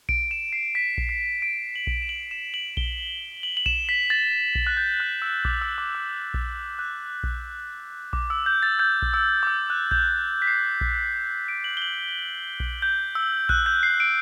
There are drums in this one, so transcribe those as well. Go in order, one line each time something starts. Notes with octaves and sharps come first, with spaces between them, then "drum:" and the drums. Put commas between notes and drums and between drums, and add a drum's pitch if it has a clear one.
D7, drum: kick A#1
E7
C7
B6
drum: kick A#1
C7
D7
F#7
drum: kick A#1
E7
F#7
E7
F#7
G7, drum: kick A#1
F#7
F#7
E7, drum: kick A#1
B6
A6
drum: kick A#1
F#6
G6
F#6
E6
D6, drum: kick A#1
E6
D6
E6
drum: kick A#1
F#6
drum: kick A#1
D6, drum: kick A#1
E6
G6
A6
G6
drum: kick A#1
E6
D6
E6
F#6
G6, drum: kick A#1
B6
C7
drum: kick A#1
D7
F#7
G7
F#7
drum: kick A#1
G6
E6
F#6, drum: kick A#1
G6
C7
D7